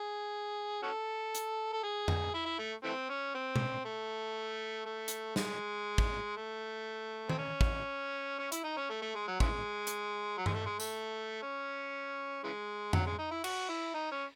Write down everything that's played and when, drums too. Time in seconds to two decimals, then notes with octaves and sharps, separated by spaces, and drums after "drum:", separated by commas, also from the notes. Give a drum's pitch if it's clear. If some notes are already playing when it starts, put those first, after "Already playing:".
Already playing: G#4
0.83 C#4 F#4 A4
1.35 drum: hi-hat
1.73 A4
1.83 G#4
2.08 drum: tom F2
2.34 E4
2.46 E4
2.59 A3
2.84 E3 A3 C4
3.10 C#4
3.35 C4
3.56 drum: tom B2
3.86 A3
4.86 A3
5.08 drum: hi-hat
5.36 G#3, drum: snare
5.98 drum: kick
6.37 A3
7.29 C4, drum: tom D#3
7.39 C#4
7.61 drum: kick
8.39 C#4
8.52 E4, drum: hi-hat
8.64 D#4
8.77 C#4
8.90 A3
9.02 A3
9.15 G#3
9.28 F#3
9.40 C#3 E3 G#3, drum: kick
9.87 drum: hi-hat
10.38 F#3
10.46 G#3, drum: tom G2
10.54 A3
10.66 G#3
10.80 A3, drum: tambourine
11.43 C#4
12.44 C#3 E3 G#3
12.93 F#3, drum: tom F2
13.06 G#3
13.19 D#4
13.31 E4
13.44 F#4, drum: cymbal
13.69 E4
13.94 D#4
14.11 C#4